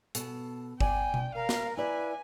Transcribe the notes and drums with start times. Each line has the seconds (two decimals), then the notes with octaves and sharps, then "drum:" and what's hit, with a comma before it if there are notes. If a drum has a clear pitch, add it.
0.15 B2 A4, drum: hi-hat
0.80 D5 G5 G#5, drum: kick G1
1.14 drum: tom B2
1.35 A#4 F5
1.49 drum: snare
1.77 E4 B4 D5 G#5